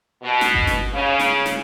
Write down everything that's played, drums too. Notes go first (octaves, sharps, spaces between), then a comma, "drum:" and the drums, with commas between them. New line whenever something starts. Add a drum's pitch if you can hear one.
B2
drum: snare
drum: kick G1
drum: snare
C#3
drum: snare
drum: snare